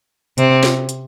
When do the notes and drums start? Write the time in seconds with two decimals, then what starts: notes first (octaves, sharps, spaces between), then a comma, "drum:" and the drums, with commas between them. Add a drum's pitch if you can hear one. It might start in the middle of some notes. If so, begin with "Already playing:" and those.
0.38 C3 C4, drum: hi-hat
0.63 drum: snare
0.89 drum: hi-hat